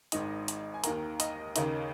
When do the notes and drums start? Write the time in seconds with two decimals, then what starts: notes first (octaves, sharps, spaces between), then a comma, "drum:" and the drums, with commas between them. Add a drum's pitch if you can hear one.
0.12 G#1 G#2 D#3 D#5, drum: hi-hat
0.48 drum: hi-hat
0.74 G#5
0.84 D#2 D#3 A#3 A#5, drum: hi-hat
1.20 D#5, drum: hi-hat
1.56 D#2 C#3 A#3 D#4, drum: hi-hat